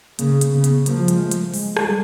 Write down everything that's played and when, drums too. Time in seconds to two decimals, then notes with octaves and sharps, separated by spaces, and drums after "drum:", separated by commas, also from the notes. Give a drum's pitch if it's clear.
0.19 C#3 A#3, drum: hi-hat
0.41 drum: hi-hat
0.53 C#3 B3
0.64 drum: hi-hat
0.86 F3 A#3, drum: hi-hat
1.08 G#3, drum: hi-hat
1.21 A3
1.31 drum: hi-hat
1.54 G#3, drum: open hi-hat
1.77 drum: rim click
1.87 G3